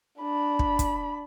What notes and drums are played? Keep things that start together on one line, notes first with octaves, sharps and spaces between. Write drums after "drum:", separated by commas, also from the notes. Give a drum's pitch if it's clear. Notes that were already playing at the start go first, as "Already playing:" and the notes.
D4 B5
drum: kick
drum: kick, hi-hat